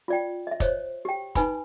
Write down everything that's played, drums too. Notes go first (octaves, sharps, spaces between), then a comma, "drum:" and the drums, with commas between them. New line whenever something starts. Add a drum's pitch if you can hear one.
F4 D5 G5
D#5 E5
C5 C#5 D#5, drum: kick, hi-hat
G4 G5
D#4 B4 G#5 B5, drum: kick, hi-hat